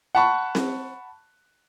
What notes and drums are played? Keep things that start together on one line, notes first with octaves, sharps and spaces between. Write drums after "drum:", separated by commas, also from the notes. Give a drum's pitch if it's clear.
F#5 A5 B5 C#6
drum: snare C4